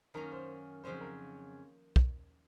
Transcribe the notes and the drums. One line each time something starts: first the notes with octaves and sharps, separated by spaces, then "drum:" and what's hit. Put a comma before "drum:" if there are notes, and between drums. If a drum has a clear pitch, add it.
F#2 D#3 A#3 C#4 A#4
C5
F2 C#3 F#3 C#4 C5
A#4
drum: kick